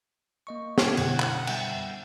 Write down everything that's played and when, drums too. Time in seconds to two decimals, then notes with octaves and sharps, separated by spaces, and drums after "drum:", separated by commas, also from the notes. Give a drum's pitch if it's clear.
0.47 A#3 D#5 C#6
0.78 E4 G4 A5 G#6, drum: snare
0.97 F#2 B2 D3 F#5, drum: cymbal
1.20 drum: clap
1.47 G3 E5 G5, drum: cymbal